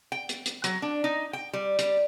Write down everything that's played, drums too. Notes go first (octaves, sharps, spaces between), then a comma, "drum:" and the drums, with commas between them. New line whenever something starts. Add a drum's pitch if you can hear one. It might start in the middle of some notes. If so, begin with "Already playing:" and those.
G5
drum: hi-hat
drum: hi-hat
F#3, drum: hi-hat
D4
D#4
G5
G3
G3, drum: hi-hat